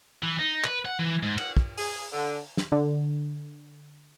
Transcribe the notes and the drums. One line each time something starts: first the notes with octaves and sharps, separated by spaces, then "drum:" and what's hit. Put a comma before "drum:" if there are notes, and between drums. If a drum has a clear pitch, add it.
E3
D#4
B4, drum: clap
F#5
E3
G#2
F#5, drum: cymbal
drum: kick
G#4, drum: open hi-hat
D3
drum: snare
D3